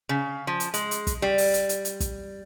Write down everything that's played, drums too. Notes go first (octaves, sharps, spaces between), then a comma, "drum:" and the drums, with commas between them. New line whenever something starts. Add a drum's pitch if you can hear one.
C#3
F3
drum: hi-hat
G#3, drum: hi-hat
drum: hi-hat
drum: kick, hi-hat
G3
drum: open hi-hat
drum: hi-hat
drum: hi-hat
drum: hi-hat
drum: kick, hi-hat